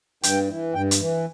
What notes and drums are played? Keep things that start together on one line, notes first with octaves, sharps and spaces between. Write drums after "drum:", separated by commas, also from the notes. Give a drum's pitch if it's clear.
G2 G5, drum: hi-hat
E3
G2 G5
drum: hi-hat
E3